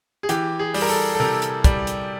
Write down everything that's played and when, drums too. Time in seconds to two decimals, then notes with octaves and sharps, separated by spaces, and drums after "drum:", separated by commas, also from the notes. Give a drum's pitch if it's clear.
0.23 G#4
0.29 E3 G4, drum: hi-hat
0.59 G#4
0.74 G3, drum: open hi-hat
0.82 A#4
0.89 A4
1.15 A4
1.20 C3 A#4
1.42 drum: hi-hat
1.64 G3, drum: kick, hi-hat
1.87 drum: hi-hat